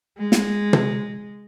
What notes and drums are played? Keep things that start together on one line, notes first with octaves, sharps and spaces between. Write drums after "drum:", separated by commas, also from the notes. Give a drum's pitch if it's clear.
G#3
drum: snare
drum: tom